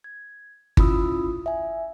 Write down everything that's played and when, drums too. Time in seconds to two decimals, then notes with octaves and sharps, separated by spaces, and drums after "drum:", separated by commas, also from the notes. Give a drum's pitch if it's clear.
0.04 G#6
0.77 C#4 E4 F4 B5 D#6 E6, drum: kick G1
1.46 E5 G#5